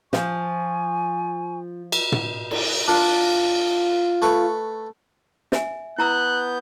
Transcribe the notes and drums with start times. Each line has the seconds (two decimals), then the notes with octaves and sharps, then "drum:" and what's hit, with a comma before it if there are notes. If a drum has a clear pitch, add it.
0.13 F3 G#5 C#6, drum: snare
1.92 drum: cymbal
2.12 drum: tom
2.51 drum: cymbal
2.88 D4 F4 A#4 F#5
4.22 A3 B4 C#6
5.52 E5 G#5, drum: snare
5.98 B3 E4 A#5 E6 F#6 G6